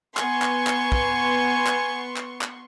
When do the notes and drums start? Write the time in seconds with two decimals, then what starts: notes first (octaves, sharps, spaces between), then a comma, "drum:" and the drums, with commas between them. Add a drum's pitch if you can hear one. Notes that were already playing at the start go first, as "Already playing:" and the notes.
0.17 B3 G#5 C6 C#6, drum: clap
0.42 drum: clap
0.67 drum: clap
0.92 drum: kick
1.67 drum: clap
2.16 drum: clap
2.41 drum: clap